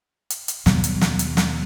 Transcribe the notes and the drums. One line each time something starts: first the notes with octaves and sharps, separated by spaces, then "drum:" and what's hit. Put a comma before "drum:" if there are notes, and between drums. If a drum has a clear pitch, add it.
drum: hi-hat
drum: hi-hat
D#2 B2 F#3 G3, drum: snare
drum: hi-hat
drum: snare
drum: hi-hat
drum: snare